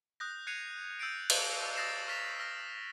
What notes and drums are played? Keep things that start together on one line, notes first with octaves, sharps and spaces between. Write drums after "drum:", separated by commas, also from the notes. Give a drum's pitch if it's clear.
D#6 F#6 G6 A#6
F#6 G#6 C7 C#7 D#7 F7
E6 G6 A6 C7 D7 D#7
drum: cymbal
D#6 E6 A6 A#6 C7 E7
C#6 F6 A6 B6 E7 F7
E6 F6 A#6